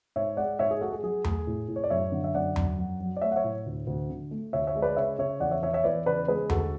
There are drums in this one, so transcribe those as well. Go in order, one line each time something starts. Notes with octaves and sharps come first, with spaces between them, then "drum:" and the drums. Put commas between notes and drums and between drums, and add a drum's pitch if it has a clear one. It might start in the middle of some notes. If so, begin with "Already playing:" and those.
G#2 C#5 E5
G#3 D5 F#5
G#2 C#5 E5
G#4
G#3 F#4 A4
G#4
F#3 G#4
A3 G#4, drum: tom E2
A2
A2
C#5
D5
F#2 C#5 E5
D3
E5
F#2 D5 F#5
F#2, drum: tom E2
F#3
F#3
D5
A3 C#5 E5
F#5
C#5 E5
A2
D2
D2
D3
A3
D2 C#5 E5
C#5 E5
G#3
B4 D5
C#3 C#5 E5
C#3 C#5 E5
E2 D5 F#5
C#5 E5
E2 C#5 E5
C#5 E5
E2 B4 D5
C#3 B4 D5
G#3 G#4 B4
D2 F#4 A4, drum: tom E2